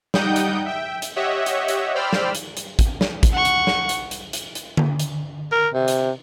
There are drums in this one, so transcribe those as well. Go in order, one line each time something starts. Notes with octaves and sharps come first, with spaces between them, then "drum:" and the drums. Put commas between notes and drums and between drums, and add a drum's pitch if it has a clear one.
G3 D#4 F#5 G5 D#6 G6, drum: snare
drum: hi-hat
E5 G5
drum: hi-hat
G4 C#5 D#5 E5 F#5
drum: hi-hat
drum: hi-hat
C5 D5 G5 B5 E6 F6
drum: snare
drum: hi-hat
drum: hi-hat
drum: kick, hi-hat
drum: snare
drum: kick, hi-hat
F#5 C#6
drum: hi-hat
drum: snare
drum: hi-hat
drum: hi-hat
drum: hi-hat
drum: hi-hat
drum: tom D3
drum: hi-hat
A#4
C3
drum: hi-hat